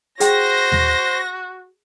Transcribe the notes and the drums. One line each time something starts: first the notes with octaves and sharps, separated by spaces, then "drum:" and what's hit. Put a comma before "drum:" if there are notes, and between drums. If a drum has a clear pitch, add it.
F#4 G#4 C5 G5 A#6, drum: hi-hat
drum: tom D#2